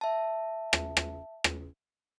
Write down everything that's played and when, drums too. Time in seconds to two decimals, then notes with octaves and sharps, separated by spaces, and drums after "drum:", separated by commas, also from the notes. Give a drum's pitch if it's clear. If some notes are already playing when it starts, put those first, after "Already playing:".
0.01 E5 A5
0.73 drum: rim click
0.97 drum: rim click
1.44 drum: rim click